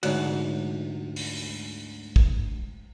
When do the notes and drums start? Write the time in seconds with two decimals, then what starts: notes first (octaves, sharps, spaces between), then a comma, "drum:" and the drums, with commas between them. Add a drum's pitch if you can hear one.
0.03 D2 G#2 D3 F#4 C#5, drum: cymbal
1.16 drum: open hi-hat
2.16 drum: kick